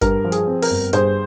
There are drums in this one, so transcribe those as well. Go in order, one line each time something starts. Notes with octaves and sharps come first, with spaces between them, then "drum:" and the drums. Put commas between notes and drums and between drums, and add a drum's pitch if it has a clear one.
G2 A#4, drum: kick, hi-hat
F3
G#4, drum: hi-hat
C4
A#4, drum: open hi-hat
G1
G2 G#4 C5, drum: hi-hat